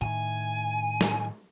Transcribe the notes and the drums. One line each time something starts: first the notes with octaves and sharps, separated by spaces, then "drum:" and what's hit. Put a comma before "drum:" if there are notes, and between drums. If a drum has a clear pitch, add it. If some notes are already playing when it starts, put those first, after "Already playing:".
A2 D#3 G#5
drum: snare